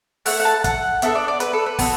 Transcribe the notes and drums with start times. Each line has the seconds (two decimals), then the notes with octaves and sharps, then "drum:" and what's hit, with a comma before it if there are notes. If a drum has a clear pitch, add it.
0.26 A3 E4 A4 F#5, drum: open hi-hat
0.40 F#5
0.45 A5
0.64 F#5, drum: kick, hi-hat
1.02 B3 D4 A4 E5, drum: hi-hat
1.15 D5
1.28 D5
1.40 B4, drum: hi-hat
1.53 A4
1.66 B4
1.79 B3 F#4 A4, drum: kick, open hi-hat